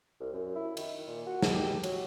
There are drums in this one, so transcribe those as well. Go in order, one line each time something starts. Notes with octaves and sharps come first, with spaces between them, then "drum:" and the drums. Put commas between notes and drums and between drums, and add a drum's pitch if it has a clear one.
C2
F#2
E4
D#3, drum: cymbal
A#2
F#4
drum: snare
G4
F#3, drum: cymbal